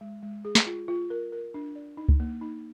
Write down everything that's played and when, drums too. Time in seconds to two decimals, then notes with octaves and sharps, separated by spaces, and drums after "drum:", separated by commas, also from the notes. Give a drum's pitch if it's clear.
0.01 G#3
0.22 G#3
0.45 G#4
0.55 drum: snare
0.66 F4
0.88 F4
1.10 A#4
1.32 A#4
1.54 D4
1.76 D5
1.97 D#4
2.09 drum: kick C#2
2.20 A#3
2.41 D#4